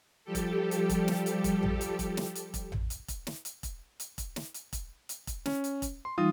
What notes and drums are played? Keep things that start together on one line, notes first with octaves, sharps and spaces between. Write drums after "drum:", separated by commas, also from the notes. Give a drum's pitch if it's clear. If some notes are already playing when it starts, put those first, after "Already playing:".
F3 G3 G4 A4
drum: kick E1, hi-hat
drum: hi-hat
drum: kick E1, hi-hat
drum: snare
drum: hi-hat
drum: kick E1, hi-hat
drum: tom A1
drum: hi-hat
drum: kick E1, hi-hat
drum: snare
drum: hi-hat
drum: kick E1, hi-hat
drum: tom A1
drum: hi-hat
drum: kick E1, hi-hat
drum: snare
drum: hi-hat
drum: kick E1, hi-hat
drum: hi-hat
drum: kick E1, hi-hat
drum: snare
drum: hi-hat
drum: kick E1, hi-hat
drum: hi-hat
drum: kick E1, hi-hat
C#4, drum: snare
drum: hi-hat
drum: kick E1, hi-hat
C6
E3 G3 D#4 F4 D#6